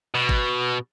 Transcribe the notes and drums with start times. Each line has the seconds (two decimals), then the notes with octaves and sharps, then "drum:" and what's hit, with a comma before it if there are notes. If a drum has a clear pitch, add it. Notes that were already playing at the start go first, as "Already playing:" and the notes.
0.15 B2
0.29 drum: kick G1